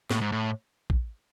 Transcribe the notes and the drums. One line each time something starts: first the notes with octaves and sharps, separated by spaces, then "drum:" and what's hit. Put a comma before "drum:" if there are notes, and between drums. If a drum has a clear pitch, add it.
A2, drum: snare
G#2
A2
drum: kick